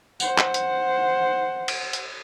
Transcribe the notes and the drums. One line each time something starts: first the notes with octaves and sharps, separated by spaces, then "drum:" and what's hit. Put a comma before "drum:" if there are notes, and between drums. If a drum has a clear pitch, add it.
C5 F#5, drum: tambourine
drum: clap
drum: hi-hat
drum: cymbal
drum: hi-hat